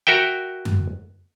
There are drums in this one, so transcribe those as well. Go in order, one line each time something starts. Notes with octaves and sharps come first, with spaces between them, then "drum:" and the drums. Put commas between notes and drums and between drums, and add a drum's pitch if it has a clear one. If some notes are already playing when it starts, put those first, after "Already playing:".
F#4 A#4 E5 G5
drum: tom F#2